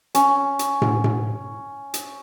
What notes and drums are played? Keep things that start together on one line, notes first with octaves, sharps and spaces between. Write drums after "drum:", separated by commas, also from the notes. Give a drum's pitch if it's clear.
C#4, drum: hi-hat
drum: hi-hat
drum: tom
drum: tom
drum: hi-hat